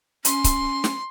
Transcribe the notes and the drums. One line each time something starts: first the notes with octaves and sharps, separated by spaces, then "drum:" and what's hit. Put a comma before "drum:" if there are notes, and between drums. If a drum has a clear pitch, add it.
C#4 C6, drum: hi-hat
drum: kick C#1, hi-hat
drum: snare